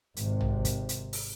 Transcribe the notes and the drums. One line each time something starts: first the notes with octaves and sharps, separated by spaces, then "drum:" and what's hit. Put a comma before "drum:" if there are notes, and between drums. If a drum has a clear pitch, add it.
G#1 C3, drum: hi-hat
drum: tom
drum: kick, hi-hat
drum: hi-hat
drum: open hi-hat